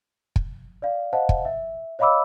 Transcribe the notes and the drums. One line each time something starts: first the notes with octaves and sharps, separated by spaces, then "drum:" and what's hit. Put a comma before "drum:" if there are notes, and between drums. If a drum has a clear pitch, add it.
drum: kick
D5 F5
C5 D#5 F5 F#5 A5
drum: kick
E5
C#5 D#5 F5 B5 D6 E6